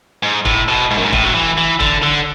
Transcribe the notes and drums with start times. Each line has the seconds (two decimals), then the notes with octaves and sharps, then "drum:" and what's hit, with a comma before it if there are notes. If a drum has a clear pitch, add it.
0.23 G#2
0.45 A2, drum: kick
0.68 B2
0.91 G#2
0.98 F#2
1.05 G#2
1.13 A2, drum: kick
1.25 F#3
1.35 E3
1.58 E3
1.80 D3, drum: kick
2.03 D3